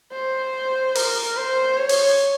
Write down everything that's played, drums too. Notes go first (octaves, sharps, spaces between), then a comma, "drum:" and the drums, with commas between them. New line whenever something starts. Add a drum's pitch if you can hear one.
C5
A#4, drum: open hi-hat
C5
C#5
drum: open hi-hat